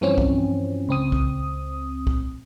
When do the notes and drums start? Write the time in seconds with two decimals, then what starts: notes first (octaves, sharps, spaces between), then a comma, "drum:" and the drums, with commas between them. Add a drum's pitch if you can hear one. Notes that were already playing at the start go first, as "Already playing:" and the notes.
0.01 G2 E3 F3 C4 C#4
0.18 drum: kick
0.89 C#2 C4 D#6
1.12 drum: kick
2.07 drum: kick